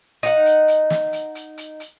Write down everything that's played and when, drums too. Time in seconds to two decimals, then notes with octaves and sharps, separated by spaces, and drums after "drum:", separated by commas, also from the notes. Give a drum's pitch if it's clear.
0.23 D#4 F#5, drum: hi-hat
0.46 drum: hi-hat
0.68 drum: hi-hat
0.90 drum: snare
1.13 drum: hi-hat
1.35 drum: hi-hat
1.58 drum: hi-hat
1.80 drum: hi-hat